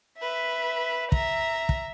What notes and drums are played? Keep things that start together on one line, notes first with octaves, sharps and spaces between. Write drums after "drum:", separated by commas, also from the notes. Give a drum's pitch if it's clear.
B4 E5
E5 A#5, drum: kick
drum: kick